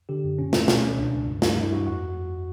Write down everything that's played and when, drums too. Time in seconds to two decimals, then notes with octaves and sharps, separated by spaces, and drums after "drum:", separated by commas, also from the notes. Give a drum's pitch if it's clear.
0.09 D3 G4
0.24 F#2
0.39 A#2 C#4
0.53 A#2 C4, drum: snare
0.68 B2 C#4, drum: snare
0.83 B2
0.98 C#2 D4
1.13 C#2
1.27 G2
1.42 G2, drum: snare
1.57 G2 E4
1.72 G2 F#4
1.87 F2 F#4